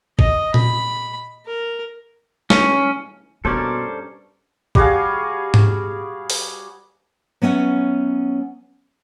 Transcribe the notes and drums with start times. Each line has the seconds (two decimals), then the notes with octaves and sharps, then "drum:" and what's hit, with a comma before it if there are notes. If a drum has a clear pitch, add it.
0.19 D#5, drum: kick
0.54 B5, drum: tom A#2
1.47 A#4
2.50 C#4, drum: snare
3.45 G2 B2 A#3 C#4 A4 A#4 C5 D5
4.75 G3 F#4 G#4 F5, drum: kick
5.54 drum: tom G#2
6.30 drum: open hi-hat
7.42 F#3 B3 C#4 E5 F#5